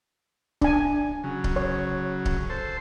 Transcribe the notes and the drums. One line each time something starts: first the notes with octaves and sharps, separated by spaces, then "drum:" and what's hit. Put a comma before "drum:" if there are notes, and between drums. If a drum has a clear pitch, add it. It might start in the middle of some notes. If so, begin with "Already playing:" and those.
D4 G#5, drum: kick C#1
C#3 F#3
drum: kick C#1
C#5
drum: kick C#1
A4 C5